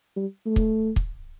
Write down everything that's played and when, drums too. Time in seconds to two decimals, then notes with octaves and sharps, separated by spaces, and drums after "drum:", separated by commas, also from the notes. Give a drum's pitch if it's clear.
0.17 G3
0.46 A3
0.56 drum: kick
0.96 drum: kick